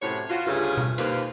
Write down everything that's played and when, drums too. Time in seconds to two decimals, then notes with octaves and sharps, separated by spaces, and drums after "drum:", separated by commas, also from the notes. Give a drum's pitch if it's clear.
0.02 F#2 A2 C3 F#4 C#5
0.30 F4 F#4
0.46 D2 G2 C#3 A3 F4 G#4
0.77 drum: tom B2
0.98 D#2 A#2 A#3 F4 B4 C5, drum: hi-hat